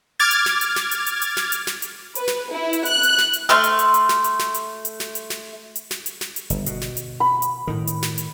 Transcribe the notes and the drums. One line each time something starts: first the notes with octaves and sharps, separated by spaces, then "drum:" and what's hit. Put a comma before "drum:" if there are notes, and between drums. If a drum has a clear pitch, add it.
D6 F6 G#6 A6
drum: hi-hat
drum: snare
drum: hi-hat
drum: snare
drum: hi-hat
drum: hi-hat
drum: hi-hat
drum: snare
drum: hi-hat
drum: snare
drum: hi-hat
B4, drum: hi-hat
drum: snare
E4
drum: hi-hat
F#6, drum: hi-hat
drum: hi-hat
drum: snare
drum: hi-hat
A3 C6 F6, drum: snare
drum: hi-hat
drum: hi-hat
drum: hi-hat
drum: snare
drum: hi-hat
drum: snare
drum: hi-hat
drum: hi-hat
drum: snare
drum: hi-hat
drum: snare
drum: hi-hat
drum: snare
drum: hi-hat
drum: snare
drum: hi-hat
G1, drum: hi-hat
B2, drum: hi-hat
drum: snare
drum: hi-hat
B5
drum: hi-hat
A2 D#3
drum: hi-hat
drum: snare
drum: hi-hat